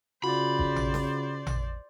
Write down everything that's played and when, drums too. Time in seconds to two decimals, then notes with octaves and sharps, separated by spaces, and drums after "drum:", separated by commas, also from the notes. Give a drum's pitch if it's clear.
0.24 C#3 F4 F#4 C5 D5 B5
0.59 drum: kick
0.76 drum: tom A1
0.94 drum: snare C#4
1.47 drum: tom A1